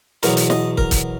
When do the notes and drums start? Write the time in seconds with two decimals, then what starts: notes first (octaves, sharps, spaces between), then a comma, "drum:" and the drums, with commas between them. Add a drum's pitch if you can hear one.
0.23 E2 B2 F#3 A#4, drum: hi-hat
0.37 drum: hi-hat
0.50 D#5, drum: snare
0.78 A#4, drum: kick
0.91 drum: kick, hi-hat